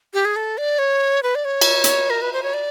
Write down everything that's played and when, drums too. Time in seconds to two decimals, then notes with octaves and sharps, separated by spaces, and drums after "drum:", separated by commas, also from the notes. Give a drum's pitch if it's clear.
0.14 G4
0.25 G#4
0.36 A4
0.58 D5
0.79 C#5
1.23 B4
1.35 D5
1.45 C#5
1.61 drum: cymbal
1.84 drum: hi-hat
2.10 A#4
2.22 B4
2.33 C5
2.43 C#5
2.54 D5